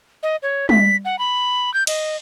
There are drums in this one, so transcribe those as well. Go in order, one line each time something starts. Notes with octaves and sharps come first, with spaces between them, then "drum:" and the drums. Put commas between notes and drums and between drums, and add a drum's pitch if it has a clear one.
D#5
C#5
B6, drum: tom G3
F#5
B5
G6
D#5, drum: cymbal